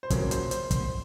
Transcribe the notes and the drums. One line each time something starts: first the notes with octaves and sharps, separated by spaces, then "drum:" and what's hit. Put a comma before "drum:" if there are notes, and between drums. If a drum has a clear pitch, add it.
C5
F2 C#3 F#3 A#3 C#5, drum: kick, hi-hat
C5, drum: hi-hat
C5, drum: hi-hat
C5, drum: kick, hi-hat